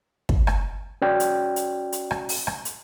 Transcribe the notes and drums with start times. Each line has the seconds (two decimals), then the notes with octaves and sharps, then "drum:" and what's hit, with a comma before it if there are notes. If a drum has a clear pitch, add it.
0.29 drum: kick
0.47 drum: rim click
1.02 C#4 F#4 D5 G5
1.20 drum: hi-hat
1.56 drum: hi-hat
1.92 drum: hi-hat
2.11 drum: rim click
2.29 drum: open hi-hat
2.47 drum: rim click
2.65 drum: hi-hat